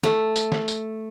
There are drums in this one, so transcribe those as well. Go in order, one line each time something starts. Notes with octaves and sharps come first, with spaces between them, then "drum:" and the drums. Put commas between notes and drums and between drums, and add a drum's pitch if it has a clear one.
A3, drum: snare
drum: tambourine
drum: snare
drum: tambourine